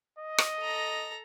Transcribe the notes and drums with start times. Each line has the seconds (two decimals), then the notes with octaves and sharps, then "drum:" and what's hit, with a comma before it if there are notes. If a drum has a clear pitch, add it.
0.19 D#5
0.38 drum: rim click
0.59 A4 A#5